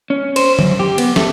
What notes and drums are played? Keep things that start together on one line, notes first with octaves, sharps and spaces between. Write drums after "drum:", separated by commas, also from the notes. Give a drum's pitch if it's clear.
C#4
C5, drum: cymbal
F#2, drum: tom D3
G4
B3, drum: cymbal
A3, drum: snare